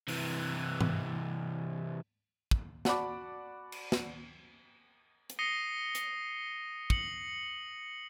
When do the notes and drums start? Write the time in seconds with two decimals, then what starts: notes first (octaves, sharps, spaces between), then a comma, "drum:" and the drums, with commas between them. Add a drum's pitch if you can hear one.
0.08 C3 E3, drum: open hi-hat
0.81 drum: tom G#2
2.51 drum: kick
2.85 F#4 D5 F#5 A5 B5 D6, drum: snare
3.72 drum: cymbal
3.92 drum: snare
5.30 drum: hi-hat
5.39 D#6 A#6 C7 C#7 D#7 G7
5.95 drum: hi-hat
6.90 C#7 F#7, drum: kick